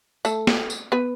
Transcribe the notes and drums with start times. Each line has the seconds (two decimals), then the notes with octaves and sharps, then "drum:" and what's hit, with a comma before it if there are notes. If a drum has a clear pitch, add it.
0.25 A3 A4, drum: tambourine
0.47 drum: snare
0.70 drum: tambourine
0.92 B3 B4